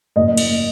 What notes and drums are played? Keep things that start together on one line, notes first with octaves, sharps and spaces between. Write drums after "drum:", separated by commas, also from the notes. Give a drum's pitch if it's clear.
F#1 D#5
drum: cymbal